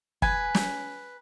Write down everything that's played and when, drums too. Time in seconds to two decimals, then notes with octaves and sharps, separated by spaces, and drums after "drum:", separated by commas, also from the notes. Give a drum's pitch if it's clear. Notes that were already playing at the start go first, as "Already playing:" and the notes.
0.22 B4 G#5, drum: kick
0.55 drum: snare